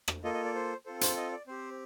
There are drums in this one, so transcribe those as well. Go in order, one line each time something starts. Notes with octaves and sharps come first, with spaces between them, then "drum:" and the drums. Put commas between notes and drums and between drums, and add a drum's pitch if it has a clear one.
drum: rim click
A#3 F4 A4 D#5
D#5
D5
C5
C4 F4 A4 C5
C5, drum: hi-hat
D#5
D5
C4 G4 C5